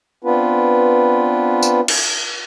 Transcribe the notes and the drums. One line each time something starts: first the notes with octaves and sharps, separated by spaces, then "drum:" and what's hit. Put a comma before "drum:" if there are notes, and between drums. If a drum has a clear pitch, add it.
B3 C4 D4 F4 B4
drum: tambourine
drum: cymbal